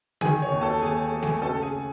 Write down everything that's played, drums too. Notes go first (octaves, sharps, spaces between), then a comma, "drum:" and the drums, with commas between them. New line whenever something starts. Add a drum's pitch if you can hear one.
D#3 G#4 G#5, drum: tom
C#5
D#2
A4 A5
D#2 G#4 G#5
A3
G#4 G#5, drum: snare A3
C#3 A4 A5
G#4 G#5